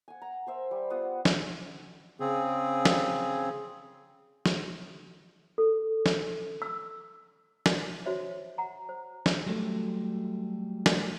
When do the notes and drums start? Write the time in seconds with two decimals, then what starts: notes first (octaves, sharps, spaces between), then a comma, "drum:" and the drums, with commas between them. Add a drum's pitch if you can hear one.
0.08 F#5 G#5
0.22 A#5
0.47 A#4 C5 E5
0.71 G3
0.90 B3 F4 F#5 D#6
1.25 drum: snare
2.20 C#3 C4 G#4
2.85 drum: snare
4.46 drum: snare
5.58 A4
6.06 drum: snare
6.62 E6
7.66 drum: snare
8.06 F#4 C5 C#5 E5
8.58 F#5 A#5
8.89 C5
9.26 drum: snare
9.46 F#3 G3 A3
10.86 drum: snare